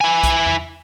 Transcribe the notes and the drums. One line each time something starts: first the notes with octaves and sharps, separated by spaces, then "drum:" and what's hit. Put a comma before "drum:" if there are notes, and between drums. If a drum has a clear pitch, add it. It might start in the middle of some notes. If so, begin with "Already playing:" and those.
E4 G#5
drum: kick, hi-hat
drum: tom E2